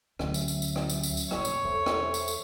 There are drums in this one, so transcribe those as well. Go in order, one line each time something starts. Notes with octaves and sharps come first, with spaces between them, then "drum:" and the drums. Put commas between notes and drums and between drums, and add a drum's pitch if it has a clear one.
D2 F#3 C#4 E5, drum: rim click
drum: tambourine
drum: tambourine
drum: tambourine
drum: rim click
drum: tambourine
drum: tambourine
drum: tambourine
F#1 C#5, drum: rim click
drum: tambourine
E2 A4 C5 E5
drum: rim click
drum: tambourine
drum: tambourine